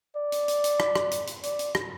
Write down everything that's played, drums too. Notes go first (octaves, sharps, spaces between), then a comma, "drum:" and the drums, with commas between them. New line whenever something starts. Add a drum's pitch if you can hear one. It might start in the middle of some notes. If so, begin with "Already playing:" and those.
D5
drum: hi-hat
drum: hi-hat
drum: hi-hat
drum: rim click
drum: rim click
drum: hi-hat
drum: hi-hat
D5, drum: hi-hat
drum: hi-hat
drum: rim click